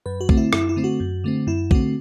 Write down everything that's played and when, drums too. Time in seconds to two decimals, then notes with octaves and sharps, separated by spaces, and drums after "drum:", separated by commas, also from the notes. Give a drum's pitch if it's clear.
0.06 F#2 B4
0.21 F#4
0.29 D3 A3 C4, drum: kick
0.37 E4
0.53 F#2 E4, drum: rim click
0.69 E4
0.76 D3 A3 C4
0.84 F#4
1.00 F#2
1.24 D3 A3 C4
1.47 F#2 E4
1.71 D3 A3 C4 F#4, drum: kick